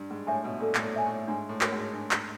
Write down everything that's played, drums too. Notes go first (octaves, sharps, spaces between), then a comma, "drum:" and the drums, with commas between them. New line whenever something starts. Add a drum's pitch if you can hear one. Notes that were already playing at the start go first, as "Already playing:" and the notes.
Already playing: G2
G#2
A2 C#5 E5 G#5
B2
A#2 A4
A2, drum: clap
A#2
C#5 E5 G#5
A2
G#2 D4
A2
F#4 A#4 C#5, drum: clap
G#2
D4
drum: clap